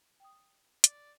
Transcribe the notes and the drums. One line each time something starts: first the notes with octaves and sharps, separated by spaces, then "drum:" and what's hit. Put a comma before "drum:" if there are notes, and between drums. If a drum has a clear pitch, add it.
G5 D#6
D5, drum: hi-hat